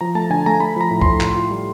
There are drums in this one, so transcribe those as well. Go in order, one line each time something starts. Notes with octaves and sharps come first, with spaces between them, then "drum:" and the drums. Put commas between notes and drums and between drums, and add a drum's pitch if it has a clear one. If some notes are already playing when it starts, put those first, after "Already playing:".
F3 A#5
A3 A5
D3 G#5
A3 A#5
A3 B5
F3 A#5
A2
A2 C6, drum: kick C2
F4, drum: clap
F4
G3